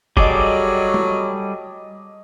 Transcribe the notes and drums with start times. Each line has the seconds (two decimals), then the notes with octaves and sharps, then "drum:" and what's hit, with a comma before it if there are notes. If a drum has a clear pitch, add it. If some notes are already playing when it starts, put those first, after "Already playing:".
0.17 F#3 G3 G#4 A4 D#5 D6, drum: kick
0.94 drum: tom